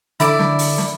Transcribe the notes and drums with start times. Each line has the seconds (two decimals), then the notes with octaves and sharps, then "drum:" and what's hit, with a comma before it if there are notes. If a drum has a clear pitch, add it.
0.20 D3 E4 D5 D6, drum: hi-hat
0.39 drum: snare
0.59 drum: open hi-hat
0.78 drum: snare